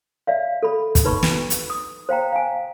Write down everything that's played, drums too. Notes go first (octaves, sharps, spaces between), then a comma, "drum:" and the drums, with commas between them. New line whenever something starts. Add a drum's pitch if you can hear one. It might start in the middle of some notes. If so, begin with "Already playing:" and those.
D5 E5 F5
A4 B5
drum: kick, hi-hat
D#4 B4 B5 C#6
drum: snare
drum: hi-hat
D#6
C5 F5 G5 A#5
F5 G#5